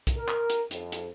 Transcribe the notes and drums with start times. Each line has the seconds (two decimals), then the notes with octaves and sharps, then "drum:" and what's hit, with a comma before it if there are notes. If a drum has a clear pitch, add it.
0.07 drum: kick, hi-hat
0.17 A#4
0.28 drum: clap
0.50 drum: hi-hat
0.71 F2, drum: hi-hat
0.92 drum: hi-hat